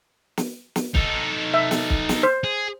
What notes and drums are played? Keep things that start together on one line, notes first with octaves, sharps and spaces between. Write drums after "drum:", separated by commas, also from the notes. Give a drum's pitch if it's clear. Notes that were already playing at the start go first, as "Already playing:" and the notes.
drum: snare
drum: snare
D#4 A4, drum: kick
E5
drum: snare
drum: kick
drum: snare
C5
G#4